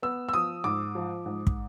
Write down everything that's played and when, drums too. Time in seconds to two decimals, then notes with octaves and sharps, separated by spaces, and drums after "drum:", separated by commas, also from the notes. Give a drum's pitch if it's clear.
0.02 B3 E6
0.29 E6
0.33 F3 D#6
0.64 G#2 D6
0.95 F3
1.26 G#2
1.47 drum: kick